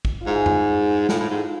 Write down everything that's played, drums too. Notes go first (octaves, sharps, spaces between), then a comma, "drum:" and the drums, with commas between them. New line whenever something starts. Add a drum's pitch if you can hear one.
drum: kick
F4
G#2 E4 G#4
drum: tom F2
A2 F4 A4, drum: snare
A2
G#2